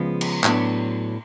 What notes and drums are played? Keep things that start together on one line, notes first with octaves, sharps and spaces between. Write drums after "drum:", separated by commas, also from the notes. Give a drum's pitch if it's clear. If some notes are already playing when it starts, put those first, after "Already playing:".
Already playing: C#3 F3 G#3 B3
drum: cymbal
A2 F#3 B3 D4, drum: clap